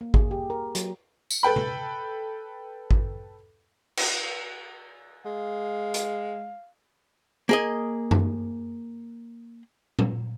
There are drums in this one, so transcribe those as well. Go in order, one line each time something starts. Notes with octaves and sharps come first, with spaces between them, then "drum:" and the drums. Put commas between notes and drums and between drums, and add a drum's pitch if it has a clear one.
A#3
G#4, drum: kick G#1
G4
A#4
F#3, drum: hi-hat
drum: tambourine
A4 B4 G5 B5
drum: tom C3
drum: kick G#1
drum: cymbal
G#3 F5
drum: hi-hat
A#3 G#4 D#5
drum: tom F#2
drum: tom A#2